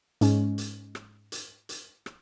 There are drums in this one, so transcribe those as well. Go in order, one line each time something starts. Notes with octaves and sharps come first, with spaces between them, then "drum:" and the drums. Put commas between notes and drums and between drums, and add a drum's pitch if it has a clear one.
G#2 G#3 C#4, drum: hi-hat
drum: hi-hat
drum: rim click
drum: hi-hat
drum: hi-hat
drum: rim click